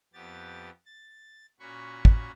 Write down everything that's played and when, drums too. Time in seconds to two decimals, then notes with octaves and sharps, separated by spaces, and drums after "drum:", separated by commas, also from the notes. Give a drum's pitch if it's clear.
0.14 F2 B3 G4 A6
0.86 A6
1.60 A#2 C#4 F#4 B5 C#6
2.05 drum: kick